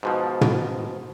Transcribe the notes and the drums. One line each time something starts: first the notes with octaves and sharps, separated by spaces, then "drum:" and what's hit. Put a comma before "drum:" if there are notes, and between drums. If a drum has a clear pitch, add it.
G#2 B2 F3
drum: tom